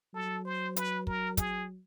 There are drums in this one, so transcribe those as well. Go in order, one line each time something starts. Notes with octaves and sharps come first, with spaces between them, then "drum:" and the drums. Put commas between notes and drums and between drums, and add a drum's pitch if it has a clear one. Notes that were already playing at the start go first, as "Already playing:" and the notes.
F#3 A4
C5
B4, drum: hi-hat
A#4, drum: kick
G#4, drum: kick, hi-hat